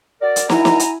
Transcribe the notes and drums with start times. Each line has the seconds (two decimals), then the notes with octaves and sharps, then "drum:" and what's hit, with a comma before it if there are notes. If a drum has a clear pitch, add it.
0.21 F#4 A#4 D5
0.36 drum: hi-hat
0.50 E4 F#4 G#5 A#5, drum: snare
0.65 drum: snare
0.80 drum: hi-hat